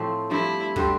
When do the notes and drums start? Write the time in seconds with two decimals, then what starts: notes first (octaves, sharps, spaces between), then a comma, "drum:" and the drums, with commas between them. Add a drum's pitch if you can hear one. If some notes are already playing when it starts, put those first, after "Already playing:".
Already playing: A2 F3 A3 C4
0.31 G2 F3 A3 E4
0.76 D3 G3 C4, drum: kick